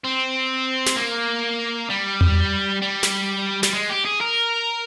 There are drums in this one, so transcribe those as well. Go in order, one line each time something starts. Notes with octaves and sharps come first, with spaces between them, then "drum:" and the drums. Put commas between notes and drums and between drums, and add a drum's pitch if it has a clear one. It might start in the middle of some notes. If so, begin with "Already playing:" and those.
C4
drum: snare
A#3
G3
drum: tom E2
G3
drum: snare
G3, drum: snare
G#3
G4
G#4
A#4